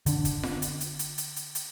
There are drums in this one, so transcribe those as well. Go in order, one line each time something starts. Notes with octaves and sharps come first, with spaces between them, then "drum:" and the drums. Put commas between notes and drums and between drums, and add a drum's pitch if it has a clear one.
D3 D4, drum: hi-hat
drum: kick, hi-hat
drum: snare F4
drum: hi-hat
drum: hi-hat
drum: hi-hat
drum: hi-hat
drum: hi-hat
drum: hi-hat